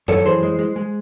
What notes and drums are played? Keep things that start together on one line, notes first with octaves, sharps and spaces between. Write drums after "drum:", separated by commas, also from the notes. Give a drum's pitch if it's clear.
F#2 A4 C#5, drum: tom F#2
E3 G#4 C5
G#3
G#3
G#3